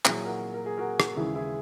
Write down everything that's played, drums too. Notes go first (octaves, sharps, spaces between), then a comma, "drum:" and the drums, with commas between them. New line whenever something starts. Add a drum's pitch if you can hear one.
A#2 F#3 E4 G#4, drum: clap
F#4 A#4
A#4
G#4
F#4 A#4
drum: rim click
D#2 C#3 E3 G#3 E4 G#4
E4 G#4